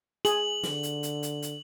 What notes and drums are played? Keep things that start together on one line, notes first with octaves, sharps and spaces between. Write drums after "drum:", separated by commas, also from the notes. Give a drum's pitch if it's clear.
G#4 F#7, drum: hi-hat
D3, drum: snare
drum: hi-hat
drum: hi-hat
drum: hi-hat
drum: hi-hat